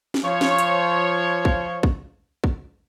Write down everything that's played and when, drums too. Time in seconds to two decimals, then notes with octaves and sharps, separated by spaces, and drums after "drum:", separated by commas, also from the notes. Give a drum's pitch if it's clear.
0.14 drum: snare
0.24 F3 C#5
0.41 drum: snare
0.58 drum: hi-hat
1.45 drum: kick
1.83 drum: kick
2.44 drum: kick